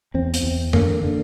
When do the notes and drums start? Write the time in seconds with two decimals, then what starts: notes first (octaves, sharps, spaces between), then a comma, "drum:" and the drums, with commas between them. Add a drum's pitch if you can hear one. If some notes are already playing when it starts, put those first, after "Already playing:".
0.14 E2 C4
0.34 drum: hi-hat
0.43 E2
0.73 D3 A#3, drum: tom F#2
1.04 D3